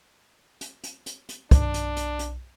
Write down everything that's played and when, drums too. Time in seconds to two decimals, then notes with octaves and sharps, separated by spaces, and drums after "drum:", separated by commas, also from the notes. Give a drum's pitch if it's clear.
0.61 drum: hi-hat
0.84 drum: hi-hat
1.06 drum: hi-hat
1.29 drum: hi-hat
1.51 B1 D4, drum: kick, hi-hat
1.74 drum: hi-hat
1.97 drum: hi-hat
2.19 drum: hi-hat